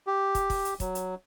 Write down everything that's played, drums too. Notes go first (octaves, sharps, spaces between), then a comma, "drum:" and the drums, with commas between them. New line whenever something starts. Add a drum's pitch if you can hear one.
G4
drum: kick, hi-hat
drum: kick, open hi-hat
drum: hi-hat
F#3, drum: kick, hi-hat
drum: hi-hat